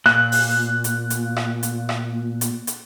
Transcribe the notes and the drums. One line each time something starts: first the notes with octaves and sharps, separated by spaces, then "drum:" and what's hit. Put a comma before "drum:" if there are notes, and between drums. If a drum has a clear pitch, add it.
A#2 F#6, drum: rim click
drum: open hi-hat
drum: hi-hat
drum: hi-hat
drum: rim click
drum: hi-hat
drum: rim click
drum: hi-hat
drum: hi-hat